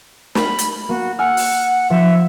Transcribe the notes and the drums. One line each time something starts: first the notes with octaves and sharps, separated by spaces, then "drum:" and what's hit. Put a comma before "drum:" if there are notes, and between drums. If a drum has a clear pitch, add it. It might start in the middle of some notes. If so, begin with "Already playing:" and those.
B5, drum: snare
drum: hi-hat
A#3 F#4
F#5 G#5 E6 F6
drum: open hi-hat
F3 E5